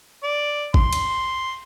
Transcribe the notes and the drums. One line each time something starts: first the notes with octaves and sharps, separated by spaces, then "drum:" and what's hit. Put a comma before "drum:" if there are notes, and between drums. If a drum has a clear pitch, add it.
D5
C6, drum: kick
drum: cymbal